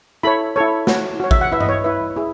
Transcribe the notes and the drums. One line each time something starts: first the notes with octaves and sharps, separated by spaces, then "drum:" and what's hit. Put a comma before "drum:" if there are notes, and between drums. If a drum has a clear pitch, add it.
E4 A4 C#5 B5
E4 A4 C#5
F#4 C#5, drum: snare
F#4 C#5
E5, drum: kick
F#5
E4 B4 E5
D#5, drum: tom G2
C#5
E4 B4 E5
E4 G#4